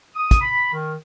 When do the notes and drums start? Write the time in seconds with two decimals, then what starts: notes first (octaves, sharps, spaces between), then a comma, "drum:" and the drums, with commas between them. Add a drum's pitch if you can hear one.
0.15 D#6
0.31 drum: kick, hi-hat
0.41 B5
0.73 D#3